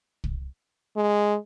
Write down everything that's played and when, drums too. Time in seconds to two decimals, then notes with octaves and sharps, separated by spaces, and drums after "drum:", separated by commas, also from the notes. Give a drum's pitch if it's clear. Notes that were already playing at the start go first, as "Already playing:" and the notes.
0.24 drum: kick
0.97 G#3